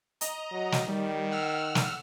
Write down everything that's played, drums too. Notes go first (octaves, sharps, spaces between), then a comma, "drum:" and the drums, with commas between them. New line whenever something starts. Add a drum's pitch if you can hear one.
D#5 A#5, drum: hi-hat
F#3
drum: snare
D#3 G3
F#5 E6 F6
drum: snare